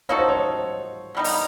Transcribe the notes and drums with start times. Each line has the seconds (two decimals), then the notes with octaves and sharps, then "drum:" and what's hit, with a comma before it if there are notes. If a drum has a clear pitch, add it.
0.09 A#3 D#4 F#4 A4 C#5
0.19 C5
0.29 C#5
1.15 D3 G3 B3 D#4
1.24 drum: open hi-hat